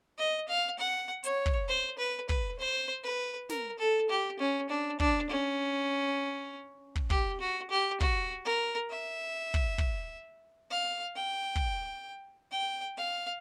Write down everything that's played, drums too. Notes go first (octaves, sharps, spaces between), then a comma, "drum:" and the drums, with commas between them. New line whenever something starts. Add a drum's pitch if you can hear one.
D#5
F5
F#5
C#5, drum: hi-hat
drum: kick
C5
B4
B4, drum: kick
C5
B4
A#4, drum: snare
A4
G4
C#4
D4
D4, drum: kick
C#4
drum: kick
G4, drum: kick
F#4
G4
F#4, drum: kick
A#4
E5
drum: kick
drum: kick
F5
G5
drum: kick
G5
F5